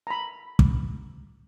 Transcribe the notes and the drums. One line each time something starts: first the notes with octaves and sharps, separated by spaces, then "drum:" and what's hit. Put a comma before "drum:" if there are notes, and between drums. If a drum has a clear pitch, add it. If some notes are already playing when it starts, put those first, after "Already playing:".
A#5 B5
drum: kick